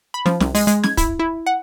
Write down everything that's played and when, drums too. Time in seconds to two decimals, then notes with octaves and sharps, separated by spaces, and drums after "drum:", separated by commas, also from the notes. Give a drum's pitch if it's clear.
0.14 B5
0.26 F3, drum: snare
0.40 C2, drum: snare
0.55 G#3, drum: open hi-hat
0.67 G#3, drum: hi-hat
0.84 G#6, drum: snare
0.97 E4, drum: kick, hi-hat
1.19 E4
1.47 F#5